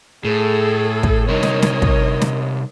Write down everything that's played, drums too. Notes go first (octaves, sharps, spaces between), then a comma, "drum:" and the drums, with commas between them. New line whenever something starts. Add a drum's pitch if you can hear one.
A2 G#4 A4
drum: kick
C3 G3 D#4 A#4 C#5 D#5
drum: snare
drum: snare
drum: kick
drum: snare